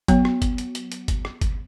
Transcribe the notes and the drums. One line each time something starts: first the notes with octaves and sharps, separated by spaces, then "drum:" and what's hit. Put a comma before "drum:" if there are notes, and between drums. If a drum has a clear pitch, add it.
F#3 B3, drum: kick G1, hi-hat
drum: rim click
drum: kick G1, hi-hat
drum: hi-hat
drum: hi-hat
drum: hi-hat
drum: kick G1, hi-hat
drum: rim click
drum: kick G1, hi-hat